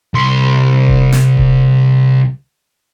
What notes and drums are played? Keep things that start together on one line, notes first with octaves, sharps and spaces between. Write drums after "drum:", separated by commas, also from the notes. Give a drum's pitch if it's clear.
C2 C6
drum: kick D#1
drum: snare
drum: kick D#1